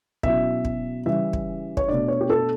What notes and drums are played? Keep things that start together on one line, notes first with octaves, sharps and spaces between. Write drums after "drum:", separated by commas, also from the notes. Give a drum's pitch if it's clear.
B2 F#3 C#4 E4 E5, drum: kick
drum: kick
C#3 E3 G3 C#4 E4 E5
drum: kick
C#5, drum: kick
B2 A3 D4 D5
C#5
G4
A4